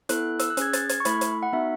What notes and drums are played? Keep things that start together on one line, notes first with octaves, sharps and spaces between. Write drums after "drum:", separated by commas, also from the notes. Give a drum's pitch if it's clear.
B3 E4 A4 F#6, drum: hi-hat
E6, drum: hi-hat
F#6
C#4 G#4 G#6, drum: hi-hat
A6, drum: hi-hat
G#6, drum: hi-hat
C#6
A3 E4 A4 B5, drum: hi-hat
drum: hi-hat
F#5
B3 D#4 F#4 E5